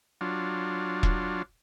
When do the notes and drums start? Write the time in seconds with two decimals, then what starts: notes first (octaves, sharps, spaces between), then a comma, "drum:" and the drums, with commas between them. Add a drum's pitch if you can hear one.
0.21 F#3 D4 F4
1.03 drum: kick E1